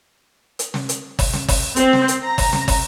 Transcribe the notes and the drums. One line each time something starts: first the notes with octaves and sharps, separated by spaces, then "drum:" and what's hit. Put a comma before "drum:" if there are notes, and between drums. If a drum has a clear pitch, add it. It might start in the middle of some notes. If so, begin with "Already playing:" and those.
drum: hi-hat
drum: snare
drum: hi-hat
drum: kick, open hi-hat
drum: snare
drum: kick, open hi-hat
C4, drum: hi-hat
drum: snare
drum: hi-hat
A#5
drum: kick, open hi-hat
drum: snare
drum: kick, open hi-hat